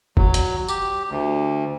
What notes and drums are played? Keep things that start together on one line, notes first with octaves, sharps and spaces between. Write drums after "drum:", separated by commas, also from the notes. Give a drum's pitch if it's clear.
F#3, drum: kick
drum: hi-hat
G4, drum: tambourine
D2